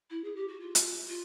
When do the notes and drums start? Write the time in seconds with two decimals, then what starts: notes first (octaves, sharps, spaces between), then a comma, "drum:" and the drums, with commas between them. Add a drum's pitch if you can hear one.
0.10 E4
0.24 G#4
0.35 G4
0.48 F#4
0.60 F4
0.75 drum: hi-hat
1.09 F4